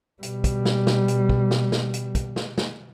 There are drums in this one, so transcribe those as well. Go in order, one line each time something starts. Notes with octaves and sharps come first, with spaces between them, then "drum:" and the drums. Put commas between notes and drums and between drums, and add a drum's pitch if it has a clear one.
B2 G3, drum: hi-hat
drum: kick, hi-hat
drum: snare
drum: snare
drum: hi-hat
drum: kick
drum: snare
drum: snare
drum: hi-hat
drum: kick, hi-hat
drum: snare
drum: snare